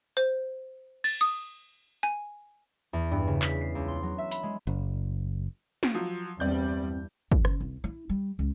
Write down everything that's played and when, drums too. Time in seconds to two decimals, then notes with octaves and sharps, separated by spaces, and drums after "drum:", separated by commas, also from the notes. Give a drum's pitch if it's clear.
0.17 C5
1.04 A6, drum: cymbal
1.21 D#6
2.03 G#5
2.93 E2
3.11 G2
3.27 C#3
3.42 B6, drum: clap
3.61 C7
3.75 C#2
3.88 C6
4.03 F#3
4.18 E5
4.31 B5, drum: hi-hat
4.43 G#3
4.67 F#1
5.83 drum: snare
5.94 F3 F#3 F4
6.40 E2 G2 G3 C4 D5 G6
7.32 E2, drum: kick
7.45 C#3, drum: rim click
7.60 C2
7.84 E4
8.09 G3
8.39 C#2